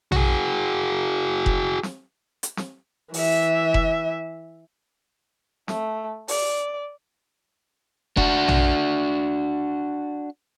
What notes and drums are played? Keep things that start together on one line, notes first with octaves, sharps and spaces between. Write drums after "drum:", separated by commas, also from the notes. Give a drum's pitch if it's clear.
F#4 G#4, drum: tom
drum: kick F1
drum: snare
drum: hi-hat
drum: snare
E3 E5, drum: open hi-hat
drum: kick F1
A3, drum: snare
D5, drum: open hi-hat
D4 F#4, drum: kick F1
drum: tom